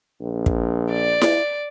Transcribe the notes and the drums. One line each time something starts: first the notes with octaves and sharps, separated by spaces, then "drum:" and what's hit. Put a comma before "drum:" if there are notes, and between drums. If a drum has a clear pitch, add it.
A#1
drum: kick
D5
drum: snare E4